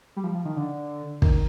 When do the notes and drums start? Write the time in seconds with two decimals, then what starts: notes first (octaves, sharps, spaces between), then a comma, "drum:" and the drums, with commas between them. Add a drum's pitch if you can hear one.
0.16 G3
0.24 F3
0.34 F3
0.45 D#3
0.56 D3
1.22 D#3, drum: kick